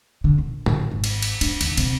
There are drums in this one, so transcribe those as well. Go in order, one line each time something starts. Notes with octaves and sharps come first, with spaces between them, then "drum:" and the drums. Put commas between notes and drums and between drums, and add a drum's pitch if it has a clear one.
D3
A#1
D3, drum: tom A2
G#1
drum: cymbal
drum: cymbal
D4, drum: cymbal
D#2, drum: cymbal
C3, drum: cymbal